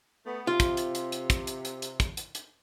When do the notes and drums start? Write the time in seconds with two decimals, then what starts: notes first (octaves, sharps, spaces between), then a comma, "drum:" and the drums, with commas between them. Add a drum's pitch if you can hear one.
0.25 A3 B3
0.47 C3 F4
0.60 drum: kick, hi-hat
0.77 drum: hi-hat
0.95 drum: hi-hat
1.12 drum: hi-hat
1.30 drum: kick, hi-hat
1.47 drum: hi-hat
1.65 drum: hi-hat
1.82 drum: hi-hat
2.00 drum: kick, hi-hat
2.17 drum: hi-hat
2.35 drum: hi-hat